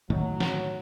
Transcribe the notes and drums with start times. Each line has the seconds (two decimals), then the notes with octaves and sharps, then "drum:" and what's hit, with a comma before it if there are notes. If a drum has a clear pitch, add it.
0.10 A2 D#3 F#3 A3
0.40 drum: snare